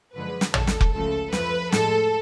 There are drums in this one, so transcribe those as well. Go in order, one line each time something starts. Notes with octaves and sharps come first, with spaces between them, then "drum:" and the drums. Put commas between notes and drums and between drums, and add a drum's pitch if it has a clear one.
F#2 D3 F3 G#3 B4
drum: snare
D2 D3 G#3 A4, drum: tom
drum: snare
drum: kick F1
C#2 C#3 F3 A3 A4
F2 F3 A3 B4, drum: snare
A2 F3 G#3 A4, drum: snare